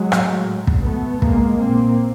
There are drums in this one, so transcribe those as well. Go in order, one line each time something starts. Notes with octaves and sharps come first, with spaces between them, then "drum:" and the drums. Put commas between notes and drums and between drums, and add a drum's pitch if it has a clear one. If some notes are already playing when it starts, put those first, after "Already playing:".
Already playing: F#3 G#3
A2, drum: rim click
drum: kick
A3 B3
G#3 A#3, drum: kick
A#2 A#3 C4